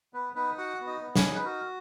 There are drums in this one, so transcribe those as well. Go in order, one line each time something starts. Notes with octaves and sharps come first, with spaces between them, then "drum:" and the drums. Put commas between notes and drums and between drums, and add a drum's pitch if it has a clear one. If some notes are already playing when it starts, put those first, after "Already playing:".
B3 B4
B3 D#4 B4
F#4 F#5
B3
D#4 D#5
B3
C#4 C#5, drum: snare
D#4
B4
F#4 A#4